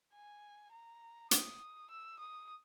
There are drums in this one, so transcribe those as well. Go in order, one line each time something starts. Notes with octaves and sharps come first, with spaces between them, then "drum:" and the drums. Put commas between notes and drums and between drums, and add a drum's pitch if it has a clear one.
G#5
A#5
D#6, drum: hi-hat
E6
D#6